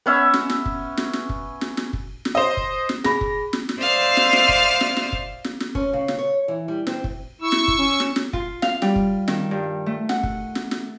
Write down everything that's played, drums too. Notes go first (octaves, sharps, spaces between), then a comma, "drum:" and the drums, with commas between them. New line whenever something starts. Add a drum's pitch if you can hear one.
B3 C#4 E5
drum: snare
drum: snare
drum: kick
drum: snare
drum: snare
drum: kick
drum: snare
drum: snare
drum: kick
drum: snare
C5 D#5
drum: kick
drum: snare
G#4 B5 A#6, drum: snare
drum: kick
drum: snare
drum: snare
C5 D5 E5 F5 D#6
drum: snare
drum: snare
drum: kick
drum: snare
drum: snare
drum: kick
drum: snare
drum: snare
C#4, drum: kick
C#3
drum: snare
C#5
E3
G3
C4, drum: snare
drum: kick
E4 C#6 E6
drum: snare
drum: kick
C#4
drum: snare
drum: snare
F4, drum: kick
F5, drum: snare
G3, drum: snare
drum: kick
D#3, drum: snare
G2
A3
F#5, drum: snare
drum: kick
drum: snare
drum: snare